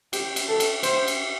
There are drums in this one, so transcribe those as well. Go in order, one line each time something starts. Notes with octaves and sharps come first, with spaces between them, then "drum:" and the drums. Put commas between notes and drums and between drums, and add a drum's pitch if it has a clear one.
G4, drum: cymbal
drum: cymbal
A4
drum: cymbal
C5, drum: cymbal
drum: cymbal